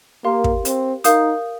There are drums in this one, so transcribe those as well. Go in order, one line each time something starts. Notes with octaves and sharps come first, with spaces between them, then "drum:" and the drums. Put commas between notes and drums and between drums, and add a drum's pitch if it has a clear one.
A#3 G4 A#4 F5 C6
drum: kick
C4, drum: hi-hat
D#4 A#4 F5 D#6 G6, drum: hi-hat